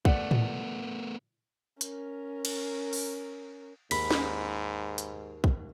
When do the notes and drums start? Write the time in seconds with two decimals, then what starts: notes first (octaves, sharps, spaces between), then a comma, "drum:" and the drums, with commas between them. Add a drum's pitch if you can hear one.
0.05 A3 B3 D5 F#5, drum: kick
0.31 drum: tom A2
1.81 C#4 A#4, drum: hi-hat
2.45 drum: cymbal
2.93 drum: open hi-hat
3.91 D#2 G#2 B5 B6, drum: cymbal
4.11 drum: snare
4.98 drum: hi-hat
5.44 drum: kick